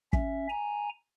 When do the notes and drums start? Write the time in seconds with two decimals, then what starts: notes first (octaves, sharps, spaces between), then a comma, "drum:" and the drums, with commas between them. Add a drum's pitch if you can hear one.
0.13 C#4 E5, drum: kick
0.50 G#5 A#5